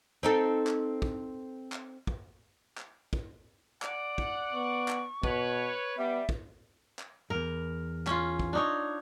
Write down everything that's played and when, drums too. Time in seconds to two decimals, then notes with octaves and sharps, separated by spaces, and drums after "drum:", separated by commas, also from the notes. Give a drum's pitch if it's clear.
0.23 C4 D#4 A4
0.67 drum: clap
1.02 drum: kick
1.72 drum: clap
2.07 drum: kick
2.78 drum: clap
3.13 drum: kick
3.82 D5 F#5, drum: clap
4.18 drum: kick
4.53 B3 C#6
4.88 drum: clap
5.23 B2 B4 C#5, drum: kick
5.98 G3 B3 E5
6.29 drum: kick
6.99 drum: clap
7.30 E2 G2 A#4
8.07 C#4 F4, drum: clap
8.40 drum: kick
8.53 D4 D#4 C#5